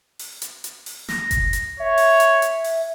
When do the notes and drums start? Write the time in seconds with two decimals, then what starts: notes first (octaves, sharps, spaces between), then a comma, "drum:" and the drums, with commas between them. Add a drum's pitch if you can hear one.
0.19 drum: open hi-hat
0.42 drum: hi-hat
0.64 drum: hi-hat
0.86 drum: open hi-hat
1.08 A#6, drum: snare
1.31 drum: kick F#1, hi-hat
1.53 drum: hi-hat
1.80 C#5 E5
1.98 drum: open hi-hat
2.20 drum: hi-hat
2.42 drum: hi-hat
2.64 drum: open hi-hat